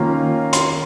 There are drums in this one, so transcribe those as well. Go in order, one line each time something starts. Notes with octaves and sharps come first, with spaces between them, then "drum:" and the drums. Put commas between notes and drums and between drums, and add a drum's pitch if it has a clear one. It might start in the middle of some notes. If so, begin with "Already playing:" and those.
Already playing: D#3 A#3 C#4 F4 A#5
C6, drum: hi-hat